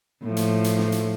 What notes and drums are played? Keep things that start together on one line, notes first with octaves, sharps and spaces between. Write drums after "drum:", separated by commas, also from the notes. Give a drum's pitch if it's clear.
A2 F3
drum: hi-hat
drum: hi-hat
drum: snare
drum: hi-hat